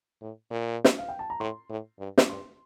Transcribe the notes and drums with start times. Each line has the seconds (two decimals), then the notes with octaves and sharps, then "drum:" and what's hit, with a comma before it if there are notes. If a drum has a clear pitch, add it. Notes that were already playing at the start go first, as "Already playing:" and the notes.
0.22 A2
0.51 A#2
0.84 drum: snare
0.98 F5
1.09 G5
1.19 A5
1.30 A#5
1.40 A2 C6
1.69 A2
1.99 G2
2.18 D6, drum: snare
2.29 G2 C6